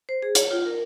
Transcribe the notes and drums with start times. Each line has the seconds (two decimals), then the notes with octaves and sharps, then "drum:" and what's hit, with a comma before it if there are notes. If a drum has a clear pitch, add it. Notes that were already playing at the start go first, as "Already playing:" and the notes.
0.09 C5
0.22 G#4
0.35 C#5, drum: hi-hat
0.51 F4
0.66 A#4